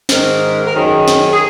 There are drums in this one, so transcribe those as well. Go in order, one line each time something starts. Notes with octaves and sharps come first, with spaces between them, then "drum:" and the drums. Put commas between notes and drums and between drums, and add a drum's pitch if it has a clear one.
G#2 D#3 A#4, drum: snare
A#4
F#2 D#3 G#4
drum: snare
G#4